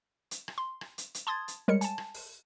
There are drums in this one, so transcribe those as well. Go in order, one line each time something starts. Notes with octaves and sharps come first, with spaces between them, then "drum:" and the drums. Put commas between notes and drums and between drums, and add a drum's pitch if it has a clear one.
drum: hi-hat
drum: rim click
C6
drum: rim click
drum: hi-hat
drum: hi-hat
A5 C6 D#6 G#6 A6
drum: hi-hat
G3 G#3 A#4 C#5 C#7
G#5 A5, drum: hi-hat
drum: rim click
drum: open hi-hat